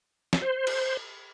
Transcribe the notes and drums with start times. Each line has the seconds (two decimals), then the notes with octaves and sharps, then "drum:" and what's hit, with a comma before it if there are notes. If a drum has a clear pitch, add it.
0.33 drum: snare
0.42 C5
0.67 drum: cymbal